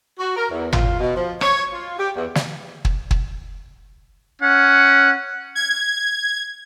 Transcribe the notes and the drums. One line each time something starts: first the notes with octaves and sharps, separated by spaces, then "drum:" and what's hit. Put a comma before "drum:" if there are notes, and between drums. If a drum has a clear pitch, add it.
F#4
A#4
E2
F4, drum: tom G#1
B2
F3
C#5, drum: rim click
F4
G4
E2
drum: snare
drum: kick
drum: kick
C#4 F#5
G#6